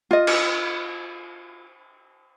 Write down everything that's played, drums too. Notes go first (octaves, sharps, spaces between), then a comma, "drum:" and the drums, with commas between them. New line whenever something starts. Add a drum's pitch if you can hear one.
F4 D#5
drum: cymbal